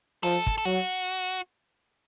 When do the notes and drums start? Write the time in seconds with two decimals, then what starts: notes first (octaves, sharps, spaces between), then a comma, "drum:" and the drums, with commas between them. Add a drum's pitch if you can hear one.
0.23 F3 A4, drum: open hi-hat
0.47 drum: kick
0.58 A4
0.65 F#3 F#4